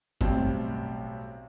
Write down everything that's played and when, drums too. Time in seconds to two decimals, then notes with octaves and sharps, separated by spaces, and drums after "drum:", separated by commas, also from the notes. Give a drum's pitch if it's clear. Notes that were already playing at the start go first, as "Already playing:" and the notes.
0.21 B1 A2 G3 C4, drum: kick F#2